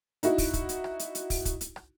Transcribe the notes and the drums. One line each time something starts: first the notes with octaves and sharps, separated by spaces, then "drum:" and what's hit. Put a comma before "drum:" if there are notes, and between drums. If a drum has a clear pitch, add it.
D#4 E4 F#4, drum: hi-hat
drum: kick, open hi-hat
drum: kick, hi-hat
drum: hi-hat
drum: rim click
drum: hi-hat
drum: hi-hat
drum: kick, open hi-hat
drum: kick, hi-hat
drum: hi-hat
drum: rim click